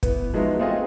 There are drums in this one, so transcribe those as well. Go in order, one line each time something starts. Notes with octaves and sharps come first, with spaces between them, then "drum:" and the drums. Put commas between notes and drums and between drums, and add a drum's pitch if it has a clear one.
E3 B3, drum: kick, hi-hat
F3 G#3 B3 D#4 E4 F#4
A3 C4 F4 G#4 D#5 G#5